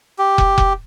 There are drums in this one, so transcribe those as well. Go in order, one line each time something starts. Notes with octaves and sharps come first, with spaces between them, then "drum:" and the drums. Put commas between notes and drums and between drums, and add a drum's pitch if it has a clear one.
G4
drum: kick
drum: kick